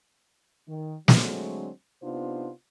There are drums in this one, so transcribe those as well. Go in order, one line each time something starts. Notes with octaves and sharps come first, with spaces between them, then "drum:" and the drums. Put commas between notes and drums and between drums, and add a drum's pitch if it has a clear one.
D#3
D3 F#3 G#3 A3 C4 D4, drum: snare
C3 B3 D4 D#4 F4 C5